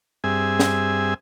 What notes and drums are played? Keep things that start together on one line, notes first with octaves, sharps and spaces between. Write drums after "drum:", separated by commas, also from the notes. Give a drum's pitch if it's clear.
G2 C4 G#4 E5 G#5
drum: snare